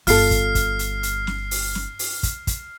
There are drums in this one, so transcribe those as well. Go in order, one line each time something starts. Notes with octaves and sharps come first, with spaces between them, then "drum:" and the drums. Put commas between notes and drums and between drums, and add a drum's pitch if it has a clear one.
G1 F4 A4 F6 C7, drum: open hi-hat
drum: kick, hi-hat
drum: kick, hi-hat
drum: hi-hat
drum: hi-hat
drum: snare
drum: open hi-hat
drum: snare
drum: open hi-hat
drum: kick, hi-hat
drum: kick, hi-hat